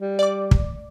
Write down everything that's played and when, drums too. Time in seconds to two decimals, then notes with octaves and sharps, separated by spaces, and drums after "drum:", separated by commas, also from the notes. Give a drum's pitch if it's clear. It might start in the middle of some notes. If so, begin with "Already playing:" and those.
0.01 G3
0.19 D5 D6
0.51 drum: kick